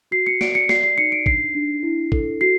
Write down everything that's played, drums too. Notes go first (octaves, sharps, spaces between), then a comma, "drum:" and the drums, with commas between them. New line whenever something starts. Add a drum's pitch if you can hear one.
F#4 C7
C#7
D5 D7, drum: snare
C#7
D5 C7, drum: snare
C7
D#4 C#7
D7
D4 C7, drum: kick
D4
E4
A4, drum: kick
F#4 C7